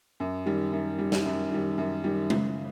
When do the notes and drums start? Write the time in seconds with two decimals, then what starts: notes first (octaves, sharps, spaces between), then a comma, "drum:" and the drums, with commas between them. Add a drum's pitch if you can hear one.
0.20 F#2
0.46 D#3 G3
0.73 F#2
0.99 D#3 G3
1.12 drum: snare
1.25 F#2
1.52 D#3 G3
1.78 F#2
2.04 D#3 G3
2.30 C#3, drum: tom G#3